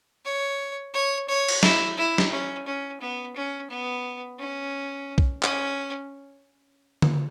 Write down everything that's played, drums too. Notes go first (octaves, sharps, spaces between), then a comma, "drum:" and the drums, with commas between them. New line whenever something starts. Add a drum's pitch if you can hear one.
C#5
C#5
C#5
drum: cymbal
E4, drum: snare
E4
drum: snare
C#4
C#4
B3
C#4
B3
C#4
drum: kick B1
C#4, drum: clap
drum: tom D3